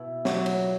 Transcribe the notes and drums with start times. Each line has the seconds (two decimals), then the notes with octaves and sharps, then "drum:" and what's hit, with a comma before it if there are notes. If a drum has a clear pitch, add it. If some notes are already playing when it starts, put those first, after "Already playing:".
Already playing: B2 E4
0.25 F#3, drum: snare
0.46 drum: cymbal